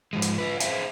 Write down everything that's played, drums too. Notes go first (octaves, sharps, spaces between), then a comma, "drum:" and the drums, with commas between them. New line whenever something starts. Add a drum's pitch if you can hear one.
G#2 F3 G#3
drum: hi-hat
F4 B4
G#4 A4 C5 E5 F5 G#5, drum: hi-hat